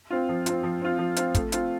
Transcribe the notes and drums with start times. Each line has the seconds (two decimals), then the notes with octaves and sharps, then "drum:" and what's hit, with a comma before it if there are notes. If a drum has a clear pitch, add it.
0.10 C4 F4
0.29 F3
0.46 C4 F4, drum: hi-hat
0.63 F3
0.82 C4 F4
0.98 F3
1.16 C4 F4, drum: hi-hat
1.35 A3, drum: kick, hi-hat
1.52 C4 F4, drum: hi-hat